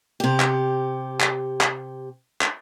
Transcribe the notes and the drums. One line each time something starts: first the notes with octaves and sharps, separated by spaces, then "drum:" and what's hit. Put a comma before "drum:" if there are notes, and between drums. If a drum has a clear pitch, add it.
C3 G4
drum: clap
drum: clap
drum: clap
drum: clap